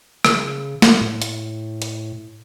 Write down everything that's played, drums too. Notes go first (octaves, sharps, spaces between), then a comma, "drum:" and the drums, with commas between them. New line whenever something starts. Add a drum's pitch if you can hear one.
C#3, drum: rim click
drum: snare
A2
drum: hi-hat
drum: hi-hat